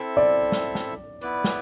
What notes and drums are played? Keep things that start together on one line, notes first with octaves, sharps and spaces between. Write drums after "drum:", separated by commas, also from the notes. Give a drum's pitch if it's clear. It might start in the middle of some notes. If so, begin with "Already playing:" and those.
Already playing: C4 E4 A4 E5
D5
drum: snare
drum: snare
B3 E4 B4 D5, drum: hi-hat
drum: snare